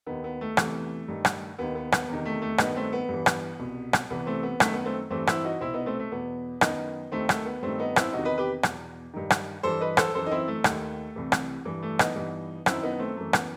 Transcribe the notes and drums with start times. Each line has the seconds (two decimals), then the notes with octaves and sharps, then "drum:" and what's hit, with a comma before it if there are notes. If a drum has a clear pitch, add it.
0.06 D#2 D#3 B3
0.24 B3
0.41 A3
0.57 E2 C3 E3, drum: rim click
1.08 G2 D#3
1.25 drum: rim click
1.58 D#2 D#3 B3
1.75 B3
1.92 B3, drum: rim click
2.08 E2 C3 D#3
2.26 A3
2.42 A3
2.58 G2 D#3 B3 D#4, drum: rim click
2.76 A3 C4
2.93 B3
3.09 G2 E3
3.26 drum: rim click
3.59 C2 B2
3.93 drum: rim click
4.10 C2 C3 E3 B3
4.26 A3 C4
4.43 B3
4.60 F#2 D#3 A3, drum: rim click
4.73 B3
4.85 A3 C4
5.10 G2 E3 A3 C4
5.27 C4 E4, drum: rim click
5.44 D#4 F#4
5.61 C2 B2 C4 E4
5.74 B3 D#4
5.86 A3 C4
5.99 A3
6.12 E2 B2 B3
6.61 F#2 D#3 B3 D#4, drum: rim click
7.12 D#2 D#3 A3 C4
7.29 A3, drum: rim click
7.46 B3
7.63 G2 D#3 A3 C4
7.79 B3 D#4
7.96 C4 E4, drum: rim click
8.13 E2 C3 D#3 D#4 F#4
8.25 B4 D#5
8.38 G4 B4
8.63 E2 B2, drum: rim click
9.13 G2 D#3
9.30 drum: rim click
9.63 G2 E3 A4 C5
9.81 B4 D#5
9.97 A4 C5, drum: rim click
10.15 F#2 E3 A4 C5
10.26 D#4
10.31 C4 E4
10.48 A3
10.64 D#2 D#3, drum: rim click
11.16 C2 C3 E3
11.32 drum: rim click
11.65 G2 E3
11.83 A3
11.99 B3 D#4, drum: rim click
12.16 G2 E3
12.66 F#2 D#3 C4 E4, drum: rim click
12.83 B3 D#4
12.99 A3 C4
13.16 F#2 E3 A3
13.33 B3, drum: rim click